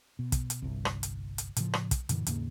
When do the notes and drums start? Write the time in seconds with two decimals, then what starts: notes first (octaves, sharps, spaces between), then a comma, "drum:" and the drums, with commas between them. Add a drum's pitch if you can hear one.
0.19 B2
0.32 drum: kick, hi-hat
0.50 drum: hi-hat
0.62 G1 C2
0.85 drum: rim click
1.03 drum: hi-hat
1.38 drum: hi-hat
1.56 A2 C#3 F3, drum: hi-hat
1.74 drum: rim click
1.91 drum: kick, hi-hat
2.09 F#2 A#2 D3 E3, drum: hi-hat
2.27 D#2 G#2 C#3 A#3, drum: hi-hat